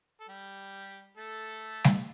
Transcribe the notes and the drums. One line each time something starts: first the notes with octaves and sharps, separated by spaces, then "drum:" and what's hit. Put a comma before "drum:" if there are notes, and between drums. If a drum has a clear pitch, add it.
A4
G3 G4
A3 A4
drum: snare